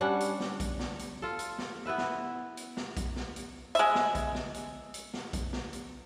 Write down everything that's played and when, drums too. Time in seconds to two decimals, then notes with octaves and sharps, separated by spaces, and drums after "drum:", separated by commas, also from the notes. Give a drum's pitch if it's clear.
0.01 G3 C#4 D4 F#5
0.20 drum: hi-hat
0.40 drum: snare
0.60 drum: kick A#1, hi-hat
0.80 drum: snare
0.99 drum: hi-hat
1.22 F4 A4
1.39 drum: hi-hat
1.59 drum: snare
1.86 B3 E4 B4 E5
1.98 drum: snare
2.57 drum: hi-hat
2.77 drum: snare
2.97 drum: kick A#1, hi-hat
3.16 drum: snare
3.36 drum: hi-hat
3.75 G#3 E5, drum: hi-hat
3.95 drum: snare
4.15 drum: kick A#1, hi-hat
4.35 drum: snare
4.54 drum: hi-hat
4.94 drum: hi-hat
5.14 drum: snare
5.33 drum: kick A#1, hi-hat
5.53 drum: snare
5.73 drum: hi-hat